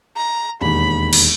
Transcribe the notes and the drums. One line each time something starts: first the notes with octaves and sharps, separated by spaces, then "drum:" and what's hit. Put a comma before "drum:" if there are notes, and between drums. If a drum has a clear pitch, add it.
A#5
E1 D#2 B5
drum: cymbal